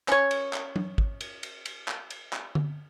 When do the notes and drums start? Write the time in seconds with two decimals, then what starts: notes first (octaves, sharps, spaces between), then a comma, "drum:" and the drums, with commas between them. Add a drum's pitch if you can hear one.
0.08 C#4 C#5, drum: clap
0.31 drum: cymbal
0.53 drum: clap
0.76 drum: tom F#3
0.98 drum: kick
1.21 drum: cymbal
1.43 drum: cymbal
1.65 drum: cymbal
1.88 drum: clap
2.10 drum: cymbal
2.33 drum: clap
2.55 drum: tom D3